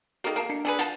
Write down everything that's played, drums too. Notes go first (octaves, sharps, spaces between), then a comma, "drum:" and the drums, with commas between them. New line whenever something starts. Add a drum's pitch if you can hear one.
D#3 A#3 F#4 G#4 A4
A#3 F5 A5 F6
D4 C7 C#7
D3 D4 G#4 B4 G#5
F3 F#5 A5, drum: hi-hat